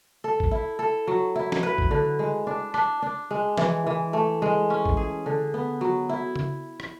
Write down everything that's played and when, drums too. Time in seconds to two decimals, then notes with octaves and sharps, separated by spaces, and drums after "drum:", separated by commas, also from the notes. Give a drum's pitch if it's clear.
0.24 A4
0.40 drum: kick
0.51 E4
0.79 A4
1.07 F#3
1.36 E4
1.52 drum: snare
1.63 B4
1.78 drum: kick
1.91 D3
2.19 G#3
2.47 D4
2.74 D4, drum: rim click
3.02 D4
3.31 G#3
3.57 E3, drum: snare
3.87 E3
4.13 A3
4.42 G#3
4.70 C#4
4.86 drum: kick
4.97 G#4
5.26 D3
5.54 B3
5.81 F#3
6.09 E4
6.36 drum: tom C#3
6.80 drum: rim click